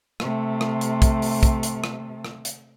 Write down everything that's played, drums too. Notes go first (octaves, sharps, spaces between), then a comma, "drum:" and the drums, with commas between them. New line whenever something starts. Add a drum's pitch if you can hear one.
C3 A3, drum: rim click
drum: rim click
drum: hi-hat
drum: kick, hi-hat
drum: open hi-hat
drum: kick, hi-hat
drum: hi-hat
drum: rim click
drum: rim click
drum: hi-hat